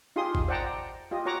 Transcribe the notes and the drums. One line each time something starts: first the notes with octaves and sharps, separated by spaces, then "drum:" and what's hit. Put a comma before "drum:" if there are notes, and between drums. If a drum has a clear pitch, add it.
D#4 F4 G4 G#4 C6 D#6
drum: kick
C5 D5 F#5 G5 A5 A#5
F4 G4 D#5
F#4 C#5 F#5 A#5 D6